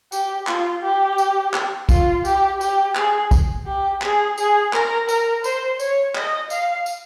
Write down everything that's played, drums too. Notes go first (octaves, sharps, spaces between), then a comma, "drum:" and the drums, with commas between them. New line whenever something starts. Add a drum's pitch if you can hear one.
G4, drum: tambourine
F4, drum: clap
G4
drum: tambourine
drum: clap
F4, drum: kick, tambourine
G4, drum: tambourine
G4, drum: tambourine
G#4, drum: clap
drum: kick, tambourine
G4
G#4, drum: clap
G#4, drum: tambourine
A#4, drum: clap
A#4, drum: tambourine
C5, drum: tambourine
C#5, drum: tambourine
D#5, drum: clap
F5, drum: tambourine
drum: tambourine